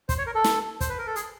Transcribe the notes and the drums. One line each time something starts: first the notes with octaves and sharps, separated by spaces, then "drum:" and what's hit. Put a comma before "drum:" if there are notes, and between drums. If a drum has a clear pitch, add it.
C5, drum: kick, hi-hat
C#5
A#4
A4
drum: snare
C5, drum: kick, hi-hat
B4
A#4
A4
G#4, drum: hi-hat